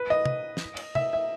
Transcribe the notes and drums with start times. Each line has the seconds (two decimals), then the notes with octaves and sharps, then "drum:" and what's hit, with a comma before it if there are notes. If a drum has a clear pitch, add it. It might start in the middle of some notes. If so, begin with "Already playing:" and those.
Already playing: B4
0.10 D#5
0.25 drum: tom
0.57 drum: snare
0.77 drum: cymbal
0.95 E5, drum: tom
1.13 E5